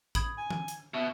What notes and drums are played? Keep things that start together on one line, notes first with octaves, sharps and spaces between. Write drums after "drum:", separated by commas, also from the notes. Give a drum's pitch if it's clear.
B5 D#6 G#6, drum: kick
G#5
drum: tom E3
drum: hi-hat
B2 E5